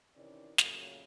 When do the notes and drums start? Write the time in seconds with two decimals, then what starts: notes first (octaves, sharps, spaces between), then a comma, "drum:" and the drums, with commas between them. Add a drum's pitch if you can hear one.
0.16 C3 D#3 E3 C#4 E4 D5
0.58 F2 A#2 C#3 F#3 A3 A#3, drum: snare